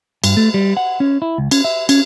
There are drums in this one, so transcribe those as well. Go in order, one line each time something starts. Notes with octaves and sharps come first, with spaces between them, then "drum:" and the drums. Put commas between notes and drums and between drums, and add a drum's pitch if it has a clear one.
G2, drum: cymbal
A3
G3
F#5
C#4
E4
C#2
C#4, drum: cymbal
E5
C#4, drum: cymbal